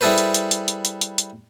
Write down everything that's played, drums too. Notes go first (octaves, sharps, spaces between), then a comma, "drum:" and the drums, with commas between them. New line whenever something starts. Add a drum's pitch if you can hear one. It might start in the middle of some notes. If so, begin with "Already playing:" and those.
G3 E4 G#4 A4 B4 C5
drum: hi-hat
drum: hi-hat
drum: hi-hat
drum: hi-hat
drum: hi-hat
drum: hi-hat
drum: hi-hat